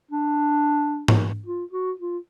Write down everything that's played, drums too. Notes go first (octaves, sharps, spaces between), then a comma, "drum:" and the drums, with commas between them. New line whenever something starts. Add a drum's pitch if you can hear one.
D4
drum: tom G#2
F4
F#4
F4